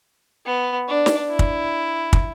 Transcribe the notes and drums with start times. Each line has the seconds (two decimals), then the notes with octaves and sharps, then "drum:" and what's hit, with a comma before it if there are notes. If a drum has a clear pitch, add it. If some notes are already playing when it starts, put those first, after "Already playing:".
0.46 B3
0.88 D4
1.06 drum: snare
1.30 E4
1.39 drum: kick
2.13 drum: kick